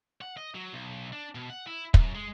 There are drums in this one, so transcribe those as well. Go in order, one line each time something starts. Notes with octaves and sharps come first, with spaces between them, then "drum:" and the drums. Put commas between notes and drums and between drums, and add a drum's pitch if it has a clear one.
F#5
D#5
F#3
B1
D4
B2
F#5
E4
F#2, drum: kick
G#3